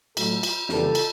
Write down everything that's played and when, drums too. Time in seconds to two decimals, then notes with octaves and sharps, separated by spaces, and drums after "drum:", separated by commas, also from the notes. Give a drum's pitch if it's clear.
0.17 A2 F#3 A3 A4, drum: cymbal
0.43 drum: cymbal
0.69 F2 C#3 E3 G3 A#3 A4, drum: snare
0.95 drum: cymbal